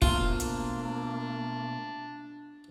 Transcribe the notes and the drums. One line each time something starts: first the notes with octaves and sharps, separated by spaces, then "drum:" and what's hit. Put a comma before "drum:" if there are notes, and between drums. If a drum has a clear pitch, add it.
B2 A3 A#3 C4 D4 F4, drum: kick
drum: hi-hat